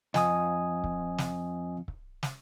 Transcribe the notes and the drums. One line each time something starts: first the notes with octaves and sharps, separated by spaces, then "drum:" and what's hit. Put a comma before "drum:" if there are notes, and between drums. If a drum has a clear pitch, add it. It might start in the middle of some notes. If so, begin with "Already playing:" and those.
F2 D#5 G#5 D#6, drum: snare
drum: kick C#1
drum: snare
drum: kick C#1
drum: snare